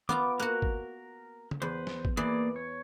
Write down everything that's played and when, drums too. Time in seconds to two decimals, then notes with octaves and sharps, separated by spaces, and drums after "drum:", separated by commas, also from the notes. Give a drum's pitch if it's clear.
0.09 B3 F4 A#5 D6, drum: tom D#3
0.40 A#3 F#4 A#4 F#6
0.62 drum: kick G#1
1.51 drum: tom C#3
1.62 E2 B4 C5
1.87 drum: snare
2.05 drum: kick G#1
2.17 E3 A#3 G#4 D5
2.56 C#5